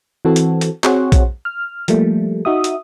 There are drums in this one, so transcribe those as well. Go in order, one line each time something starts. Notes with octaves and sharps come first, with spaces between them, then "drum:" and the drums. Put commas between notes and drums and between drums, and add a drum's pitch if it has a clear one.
E3 C4 F#4 A4
drum: hi-hat
drum: hi-hat
C4 F#4 G#4 C5 C#5 F#5, drum: clap
drum: kick A#1, hi-hat
F6
F3 G3 A3 A#3, drum: hi-hat
D#4 F#4 E5 D#6
drum: hi-hat